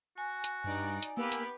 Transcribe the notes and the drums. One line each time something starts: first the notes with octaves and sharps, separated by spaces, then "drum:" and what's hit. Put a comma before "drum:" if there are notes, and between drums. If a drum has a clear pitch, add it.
F#4 G#5
drum: hi-hat
G2 D#4 D5
drum: hi-hat
A#3 B3 G4 B4 E6
drum: hi-hat